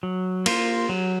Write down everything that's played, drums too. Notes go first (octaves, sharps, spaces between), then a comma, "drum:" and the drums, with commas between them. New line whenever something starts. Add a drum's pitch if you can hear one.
F#3
A#3 F4 C5, drum: cymbal
F#3